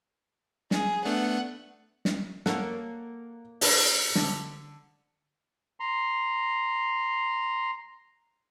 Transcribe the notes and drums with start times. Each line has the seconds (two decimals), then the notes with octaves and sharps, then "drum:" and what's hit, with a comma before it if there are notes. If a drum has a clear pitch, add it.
0.71 G#4, drum: snare
1.05 A3 B3 D4 F#5
2.05 drum: snare
2.46 A#3 A4 A#4 C#5 F#5, drum: snare
3.61 D4 B4 A5, drum: open hi-hat
4.15 D3, drum: snare
5.80 A#5 C6